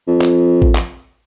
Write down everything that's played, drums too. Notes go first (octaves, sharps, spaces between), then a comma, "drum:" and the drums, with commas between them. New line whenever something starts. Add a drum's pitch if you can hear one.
F2
drum: clap
drum: kick A1
drum: clap